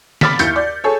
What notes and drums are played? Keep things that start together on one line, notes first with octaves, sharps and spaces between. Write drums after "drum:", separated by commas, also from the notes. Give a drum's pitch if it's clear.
B5 D6 F6 A6 B6, drum: snare
D#2 E4 G6 C#7, drum: hi-hat
D5
G#4 A4 C#5